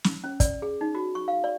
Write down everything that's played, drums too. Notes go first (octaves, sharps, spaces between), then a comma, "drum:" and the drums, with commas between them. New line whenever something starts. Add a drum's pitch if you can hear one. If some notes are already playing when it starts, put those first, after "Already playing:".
drum: snare
C#4
D5, drum: kick, hi-hat
G#4
D#4
F#4
C#6
F5
D5